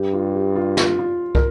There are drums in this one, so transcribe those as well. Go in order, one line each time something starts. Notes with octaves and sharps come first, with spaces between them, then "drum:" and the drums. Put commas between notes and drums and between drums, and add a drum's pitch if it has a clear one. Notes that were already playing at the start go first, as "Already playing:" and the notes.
Already playing: G2 G4
F4
G4
F4
F4, drum: snare
F4
A#4, drum: kick